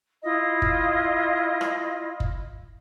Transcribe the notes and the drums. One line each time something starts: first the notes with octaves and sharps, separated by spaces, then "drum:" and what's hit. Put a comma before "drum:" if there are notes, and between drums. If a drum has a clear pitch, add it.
E4 F4 D#5
drum: kick F#1
drum: rim click
drum: kick F#1